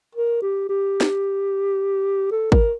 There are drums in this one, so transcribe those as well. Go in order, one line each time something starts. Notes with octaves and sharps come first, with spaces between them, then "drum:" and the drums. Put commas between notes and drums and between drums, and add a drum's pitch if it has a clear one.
A#4
G4
G4
drum: snare
A4
A#4, drum: kick